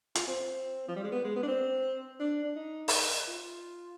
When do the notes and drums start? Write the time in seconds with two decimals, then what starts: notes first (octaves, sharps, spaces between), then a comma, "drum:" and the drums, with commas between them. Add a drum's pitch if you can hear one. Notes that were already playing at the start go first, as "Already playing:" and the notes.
0.15 F4, drum: hi-hat
0.28 C4
0.88 F3
0.96 G3
1.04 G#3
1.12 B3
1.24 G#3
1.36 B3
1.43 D4
1.48 C4
2.20 D4
2.44 D4
2.56 D#4
2.88 drum: open hi-hat
3.28 F4